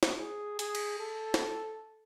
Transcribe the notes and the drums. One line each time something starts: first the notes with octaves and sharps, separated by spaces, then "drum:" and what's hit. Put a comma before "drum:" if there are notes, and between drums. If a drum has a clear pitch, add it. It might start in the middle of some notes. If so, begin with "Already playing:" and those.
drum: snare
G#4
G#4, drum: hi-hat
drum: cymbal
A4
drum: snare